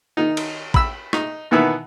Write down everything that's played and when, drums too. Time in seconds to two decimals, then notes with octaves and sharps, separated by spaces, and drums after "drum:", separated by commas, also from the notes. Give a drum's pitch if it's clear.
0.17 D#3 D#4
0.37 drum: cymbal
0.74 B5 E6, drum: kick A1
1.13 D#4, drum: rim click
1.51 B2 D#3 E3 B3 E5 B5